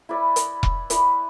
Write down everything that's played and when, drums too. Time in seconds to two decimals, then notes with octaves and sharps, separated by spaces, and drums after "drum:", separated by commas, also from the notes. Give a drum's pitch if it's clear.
0.09 E4 B4 D5
0.36 drum: hi-hat
0.63 drum: kick E1
0.90 E4 B4 D5, drum: hi-hat